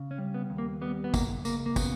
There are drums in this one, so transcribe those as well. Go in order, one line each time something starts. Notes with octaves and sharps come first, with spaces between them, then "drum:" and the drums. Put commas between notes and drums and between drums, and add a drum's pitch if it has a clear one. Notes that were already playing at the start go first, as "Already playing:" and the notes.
Already playing: C#3
C#4
G3
B3
D#2
A#3
G3 B3
B3
C#2 A#3, drum: kick, tambourine
C#2 A#3, drum: tambourine
A#3
C#3 B3, drum: kick, tambourine